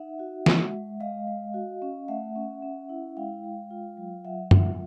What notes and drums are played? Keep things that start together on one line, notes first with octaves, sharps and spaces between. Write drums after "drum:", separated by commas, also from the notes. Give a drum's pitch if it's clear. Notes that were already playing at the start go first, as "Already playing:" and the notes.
Already playing: D#4 E5 F#5
F#4
G#3, drum: snare
G#3
G#3 D#5 F5
G#3
F#4
C#4
A3 E5 F#5
C#4
C#4
E4
G#3 F5 G5
G#3
F4
F#3
F#3 E5 F#5
F4, drum: tom F#2